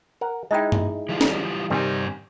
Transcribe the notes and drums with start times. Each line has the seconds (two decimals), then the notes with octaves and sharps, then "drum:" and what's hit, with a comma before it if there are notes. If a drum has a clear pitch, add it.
0.21 A#4 F#5
0.51 G#3 D#4 E4 D#5 G5
0.72 drum: tom G2
1.09 E3 G3 F4
1.21 drum: snare C#4
1.70 G2 C3 D#3 G3 G#4 G#5